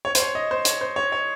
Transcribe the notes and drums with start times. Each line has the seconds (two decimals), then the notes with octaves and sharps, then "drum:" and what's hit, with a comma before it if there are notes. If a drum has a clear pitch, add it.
0.05 C#5
0.15 C5, drum: hi-hat
0.20 C#5
0.35 D#5
0.51 C5
0.65 C#5, drum: hi-hat
0.81 C5
0.96 C#5
1.12 C#5